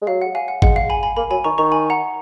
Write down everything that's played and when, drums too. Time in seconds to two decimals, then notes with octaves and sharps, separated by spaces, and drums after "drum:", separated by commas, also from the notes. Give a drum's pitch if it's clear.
0.02 G#3
0.07 F#3 F5
0.22 F#5
0.35 F5 G#5
0.48 F#5
0.62 G#3 F#5, drum: kick G#1
0.76 F5
0.90 G#5 B5
1.03 G#5 B5
1.17 A#3 G#5 B5
1.30 F#3 G#5 B5
1.44 D#3 A#5 C#6
1.58 D#3 A#5 C#6
1.72 G#5 B5
1.90 F#5 A#5